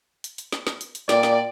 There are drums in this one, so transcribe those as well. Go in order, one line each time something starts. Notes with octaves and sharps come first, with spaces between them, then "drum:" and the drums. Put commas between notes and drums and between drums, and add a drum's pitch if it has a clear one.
drum: hi-hat
drum: hi-hat
drum: snare
drum: snare
drum: hi-hat
drum: hi-hat
A#2 D5 G5, drum: snare
drum: snare